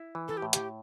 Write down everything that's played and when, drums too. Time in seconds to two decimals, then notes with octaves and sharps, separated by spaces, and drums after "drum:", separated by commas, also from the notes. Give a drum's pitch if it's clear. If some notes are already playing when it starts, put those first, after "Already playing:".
Already playing: E4
0.15 E3
0.28 A4
0.37 G4
0.42 A2
0.53 G4, drum: hi-hat